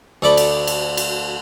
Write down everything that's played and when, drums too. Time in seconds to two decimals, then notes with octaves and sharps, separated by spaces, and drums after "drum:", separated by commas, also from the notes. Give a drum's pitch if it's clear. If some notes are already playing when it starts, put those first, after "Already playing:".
0.22 D2 A3 A4 D5 B5
0.37 drum: cymbal
0.67 drum: cymbal
0.97 drum: cymbal